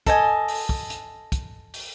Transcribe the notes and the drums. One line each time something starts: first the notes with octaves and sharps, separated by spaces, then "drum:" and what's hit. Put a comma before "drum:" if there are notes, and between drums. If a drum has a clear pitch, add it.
A4 D#5 G#5, drum: kick, hi-hat
drum: open hi-hat
drum: kick
drum: hi-hat
drum: kick, hi-hat
drum: open hi-hat